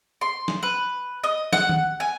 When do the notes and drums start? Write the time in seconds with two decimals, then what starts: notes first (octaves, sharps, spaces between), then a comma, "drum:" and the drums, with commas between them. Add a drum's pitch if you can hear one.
0.21 C6
0.48 drum: snare
0.63 B4
1.24 D#5
1.53 F#5, drum: snare
1.69 drum: tom D#3
2.00 G#5